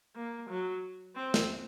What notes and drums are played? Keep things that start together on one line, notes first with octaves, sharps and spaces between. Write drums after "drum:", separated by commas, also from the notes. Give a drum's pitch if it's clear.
A#3
F#3
C4
drum: snare